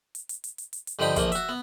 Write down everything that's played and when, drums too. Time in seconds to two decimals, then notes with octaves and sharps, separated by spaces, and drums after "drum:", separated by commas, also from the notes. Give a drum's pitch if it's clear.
0.15 drum: hi-hat
0.29 drum: hi-hat
0.44 drum: hi-hat
0.58 drum: hi-hat
0.73 drum: hi-hat
0.87 drum: hi-hat
0.99 G2 D3 F3 D#4 G5 B5
1.16 A#1 E2 F3 A#3, drum: kick, hi-hat
1.32 F#4 E5, drum: hi-hat
1.49 B3